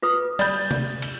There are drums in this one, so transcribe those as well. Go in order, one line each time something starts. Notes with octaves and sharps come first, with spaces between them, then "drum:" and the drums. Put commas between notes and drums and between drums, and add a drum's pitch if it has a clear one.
F4 B4 D#6
G3 B5 G6 A6, drum: cymbal
drum: tom C3
drum: cymbal